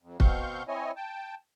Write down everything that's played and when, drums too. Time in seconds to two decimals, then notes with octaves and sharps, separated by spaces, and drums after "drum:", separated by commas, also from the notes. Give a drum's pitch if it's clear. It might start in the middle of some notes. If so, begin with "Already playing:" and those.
0.02 F2
0.20 B2 C4 F5 C#6 G6, drum: kick
0.68 C4 E4 C#5 D#5 G#5
0.96 G5 A5